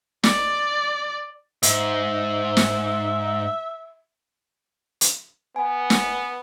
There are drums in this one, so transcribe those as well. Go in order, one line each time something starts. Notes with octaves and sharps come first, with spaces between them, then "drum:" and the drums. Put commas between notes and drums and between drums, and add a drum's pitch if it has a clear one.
D5, drum: snare
G#2 E5, drum: hi-hat
drum: snare
drum: hi-hat
B3 G#5
drum: snare